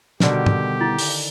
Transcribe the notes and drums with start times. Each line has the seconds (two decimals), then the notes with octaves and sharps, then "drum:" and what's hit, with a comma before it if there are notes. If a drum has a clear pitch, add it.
0.20 B2 D3 D#3 G3 F#4 G4, drum: snare
0.46 drum: tom
0.81 E4
0.98 drum: open hi-hat